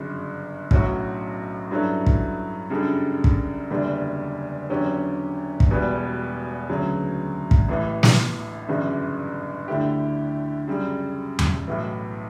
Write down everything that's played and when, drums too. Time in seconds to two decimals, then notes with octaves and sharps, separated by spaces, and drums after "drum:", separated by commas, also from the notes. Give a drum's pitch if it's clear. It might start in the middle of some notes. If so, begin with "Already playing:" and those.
Already playing: G1 F#2 C#3
0.71 B1 A2 F#3 C#4 F#4, drum: kick
1.71 G2 F#3 C#4 E4 A4
2.07 drum: kick
2.70 F#2 C#3 G3 D4 A4
3.24 drum: kick
3.70 F#1 E2 D3 G3 D4
4.69 E2 D3 F#3 C#4 G4
5.60 drum: kick
5.70 E1 E2 B2 G3 B3
6.69 D2 C#3 F#3
7.51 drum: kick
7.69 A1 A2 E3
8.03 drum: snare
8.69 G1 F#2 C#3 E3
9.68 D2 D3 A3 E4 G4
10.67 F#2 C#3 G3
11.39 drum: tom E2
11.68 B1 A2 E3